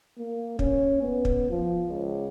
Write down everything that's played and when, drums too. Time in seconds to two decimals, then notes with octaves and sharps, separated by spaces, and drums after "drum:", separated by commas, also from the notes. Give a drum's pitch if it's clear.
0.19 A#3
0.59 C#4, drum: kick
1.02 B3
1.25 drum: kick
1.50 F3
1.89 C#2